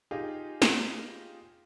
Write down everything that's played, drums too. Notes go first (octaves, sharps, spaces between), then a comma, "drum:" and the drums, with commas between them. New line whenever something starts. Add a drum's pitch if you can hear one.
D#4 F4 G4 G#4
drum: snare